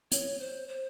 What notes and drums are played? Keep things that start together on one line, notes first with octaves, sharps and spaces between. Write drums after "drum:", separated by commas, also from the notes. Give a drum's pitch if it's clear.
C#5, drum: hi-hat
C5
C5